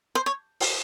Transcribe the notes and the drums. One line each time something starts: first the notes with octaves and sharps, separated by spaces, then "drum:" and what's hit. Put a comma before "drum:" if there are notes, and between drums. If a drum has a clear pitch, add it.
C5
C#5
drum: open hi-hat